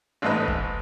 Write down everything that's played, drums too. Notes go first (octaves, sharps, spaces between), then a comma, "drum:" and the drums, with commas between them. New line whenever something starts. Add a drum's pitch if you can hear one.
A1 G#2 A3 D#4 B4
drum: kick F#1